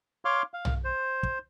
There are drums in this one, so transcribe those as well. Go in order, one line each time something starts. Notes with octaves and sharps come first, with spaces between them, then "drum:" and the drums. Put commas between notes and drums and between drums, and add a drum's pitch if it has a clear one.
C#5 F5 C6 D6 F6
F5
drum: tom
C5
drum: kick